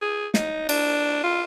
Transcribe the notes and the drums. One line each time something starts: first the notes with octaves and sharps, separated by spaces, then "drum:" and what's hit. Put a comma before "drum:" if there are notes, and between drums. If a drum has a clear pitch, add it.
G#4
D#4, drum: snare
D4, drum: cymbal
F4